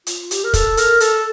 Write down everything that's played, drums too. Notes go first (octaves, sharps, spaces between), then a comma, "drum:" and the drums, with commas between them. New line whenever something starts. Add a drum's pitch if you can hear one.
F4, drum: hi-hat
G4, drum: hi-hat
A#4
A4, drum: kick, hi-hat
A#4, drum: hi-hat
A4, drum: hi-hat